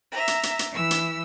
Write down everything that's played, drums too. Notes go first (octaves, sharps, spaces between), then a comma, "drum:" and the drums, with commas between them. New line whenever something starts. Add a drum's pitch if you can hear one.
E5 A#5
drum: hi-hat
drum: hi-hat
drum: hi-hat
E3 E6
drum: hi-hat